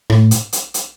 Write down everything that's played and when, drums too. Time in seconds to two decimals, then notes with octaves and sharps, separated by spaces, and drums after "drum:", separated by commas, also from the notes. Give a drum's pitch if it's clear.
0.10 A2, drum: rim click
0.31 drum: hi-hat
0.53 drum: hi-hat
0.74 drum: hi-hat